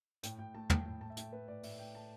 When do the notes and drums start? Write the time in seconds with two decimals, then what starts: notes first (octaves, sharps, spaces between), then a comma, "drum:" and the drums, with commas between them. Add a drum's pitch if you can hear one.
0.23 A2 G5, drum: hi-hat
0.38 A2 G5
0.55 A3 A5
0.70 A3 G5, drum: tom
0.85 A2 G5
1.01 A2 A5
1.10 E5
1.17 A3 G5, drum: hi-hat
1.32 A3 B4
1.48 A2 D5
1.63 A2 E5, drum: open hi-hat
1.79 A3 G5
1.95 A3 A5